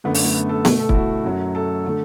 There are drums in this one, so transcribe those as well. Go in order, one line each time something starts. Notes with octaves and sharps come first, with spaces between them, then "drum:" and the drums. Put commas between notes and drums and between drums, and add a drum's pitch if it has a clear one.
F#2 D3 A3 B3
B3, drum: open hi-hat
A3
B3
A4
B2 A3, drum: snare B3
A4
E4, drum: kick
F#4
F#2 F#3 A3
A4
D3 A3